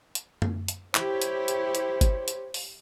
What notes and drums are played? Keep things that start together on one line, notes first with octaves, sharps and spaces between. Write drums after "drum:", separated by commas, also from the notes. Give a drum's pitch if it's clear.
drum: hi-hat
drum: tom F#2
drum: hi-hat
E4 G4 C5 C#5, drum: clap
drum: hi-hat
drum: hi-hat
drum: hi-hat
drum: kick G1, hi-hat
drum: hi-hat
drum: open hi-hat